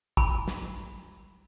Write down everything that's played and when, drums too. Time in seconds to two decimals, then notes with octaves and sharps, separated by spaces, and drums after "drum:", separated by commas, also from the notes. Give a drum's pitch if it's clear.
0.17 B5, drum: kick
0.48 drum: snare